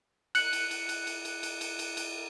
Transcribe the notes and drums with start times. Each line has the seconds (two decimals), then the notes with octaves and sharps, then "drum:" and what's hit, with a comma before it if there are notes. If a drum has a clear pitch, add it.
0.35 F#6 C#7, drum: cymbal
0.53 drum: cymbal
0.71 drum: cymbal
0.89 drum: cymbal
1.07 drum: cymbal
1.25 drum: cymbal
1.43 drum: cymbal
1.61 drum: cymbal
1.79 drum: cymbal
1.97 drum: cymbal